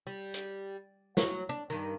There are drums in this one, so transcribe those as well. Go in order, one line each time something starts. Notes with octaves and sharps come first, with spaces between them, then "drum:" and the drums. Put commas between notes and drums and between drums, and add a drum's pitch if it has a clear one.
G3
drum: hi-hat
F#3, drum: snare
D4
G2 D#3